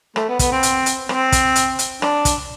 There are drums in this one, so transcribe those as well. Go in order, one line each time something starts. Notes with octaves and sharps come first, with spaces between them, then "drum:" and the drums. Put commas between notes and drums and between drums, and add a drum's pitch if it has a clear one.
A3, drum: rim click
B3
B3, drum: kick, hi-hat
C4
drum: hi-hat
drum: hi-hat
C4, drum: rim click
drum: kick, hi-hat
drum: hi-hat
drum: hi-hat
D4, drum: rim click
drum: kick, hi-hat